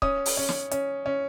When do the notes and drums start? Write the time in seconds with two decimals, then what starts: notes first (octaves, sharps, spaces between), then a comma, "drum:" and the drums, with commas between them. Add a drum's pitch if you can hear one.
0.02 C#4 D#6, drum: kick C#1
0.26 drum: open hi-hat
0.37 C#4
0.49 drum: snare
0.71 C#4, drum: hi-hat
1.06 C#4